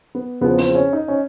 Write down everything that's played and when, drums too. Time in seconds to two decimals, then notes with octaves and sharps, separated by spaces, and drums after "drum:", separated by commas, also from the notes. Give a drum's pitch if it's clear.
0.15 B3
0.41 E2 C#3 F3 B3
0.59 C4, drum: open hi-hat
0.75 C#4
0.93 D#4
1.08 C#4